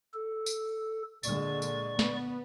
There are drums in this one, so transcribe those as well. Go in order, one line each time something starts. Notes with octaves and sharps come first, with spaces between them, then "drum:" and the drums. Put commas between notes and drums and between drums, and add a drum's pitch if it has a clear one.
A4
drum: tambourine
A#2 D3 G#3 D5 C#6, drum: tambourine
drum: tambourine
B3, drum: snare